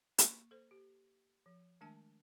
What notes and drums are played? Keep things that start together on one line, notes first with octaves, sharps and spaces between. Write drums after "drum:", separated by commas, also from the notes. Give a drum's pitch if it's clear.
A#3 C#6, drum: hi-hat
A4 C5
G4
F3
D#3 G#3 A3 D4 G#5 A5